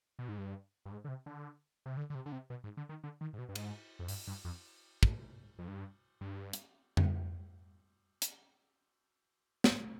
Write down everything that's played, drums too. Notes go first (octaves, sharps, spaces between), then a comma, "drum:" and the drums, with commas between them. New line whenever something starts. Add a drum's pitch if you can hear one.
B2
G#2
G2
G2
G#2
D3
C3
D3
C3
D3
D3
C3
D3
C3
B2
G#2
D3
D#3
D3
D#3
G#2
B2
G2
G#2, drum: cymbal
F2
G2, drum: open hi-hat
G2
F2
drum: kick
F2
G2
G2
drum: hi-hat
drum: tom F2
drum: hi-hat
drum: snare